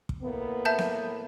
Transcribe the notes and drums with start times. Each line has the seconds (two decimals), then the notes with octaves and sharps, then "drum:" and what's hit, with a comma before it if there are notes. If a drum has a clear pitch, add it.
0.09 drum: kick
0.23 A2 A#3 B3
0.65 E5 A5 G6
0.78 drum: snare B3